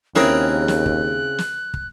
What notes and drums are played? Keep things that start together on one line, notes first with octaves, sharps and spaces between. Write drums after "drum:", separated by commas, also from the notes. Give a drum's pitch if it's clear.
D#2 C#3 C4 E4 G#4 A#4 F#6, drum: snare
drum: snare
drum: kick
drum: snare
drum: kick